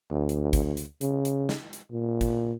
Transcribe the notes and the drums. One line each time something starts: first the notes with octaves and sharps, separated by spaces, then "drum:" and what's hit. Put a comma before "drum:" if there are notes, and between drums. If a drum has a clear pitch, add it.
D2
drum: hi-hat
drum: kick, hi-hat
drum: hi-hat
C#3, drum: hi-hat
drum: hi-hat
drum: snare
drum: hi-hat
A#2
drum: kick, hi-hat